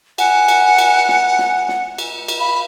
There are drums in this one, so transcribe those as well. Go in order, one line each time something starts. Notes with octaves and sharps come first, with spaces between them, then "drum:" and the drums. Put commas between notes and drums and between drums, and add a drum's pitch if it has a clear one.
F#5 G#5, drum: cymbal
drum: cymbal
drum: cymbal
drum: snare
drum: snare
drum: snare
drum: cymbal
drum: cymbal
F5 B5